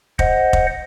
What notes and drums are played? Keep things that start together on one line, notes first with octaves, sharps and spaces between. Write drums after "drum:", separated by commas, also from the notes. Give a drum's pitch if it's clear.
C5 D#5 F#5, drum: kick F1
drum: kick F1